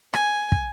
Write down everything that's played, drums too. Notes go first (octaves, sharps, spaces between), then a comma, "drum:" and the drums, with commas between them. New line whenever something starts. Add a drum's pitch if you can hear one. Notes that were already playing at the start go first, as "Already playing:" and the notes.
G#5, drum: rim click
drum: kick